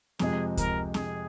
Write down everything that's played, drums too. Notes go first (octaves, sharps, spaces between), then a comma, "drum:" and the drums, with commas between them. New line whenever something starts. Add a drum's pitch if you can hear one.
F2 C3 G#3 G#4, drum: snare
A#4, drum: kick C#2, hi-hat
G#4, drum: snare